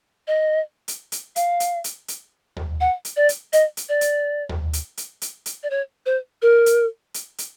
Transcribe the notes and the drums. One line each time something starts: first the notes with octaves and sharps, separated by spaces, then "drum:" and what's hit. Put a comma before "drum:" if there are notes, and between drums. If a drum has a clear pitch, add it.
D#5
drum: hi-hat
drum: hi-hat
F5, drum: hi-hat
drum: hi-hat
drum: hi-hat
drum: hi-hat
drum: tom D#2
F#5
drum: hi-hat
D5
drum: hi-hat
D#5, drum: hi-hat
drum: hi-hat
D5
drum: hi-hat
drum: tom D#2
drum: hi-hat
drum: hi-hat
drum: hi-hat
drum: hi-hat
D5
C#5
C5
A#4
drum: hi-hat
drum: hi-hat
drum: hi-hat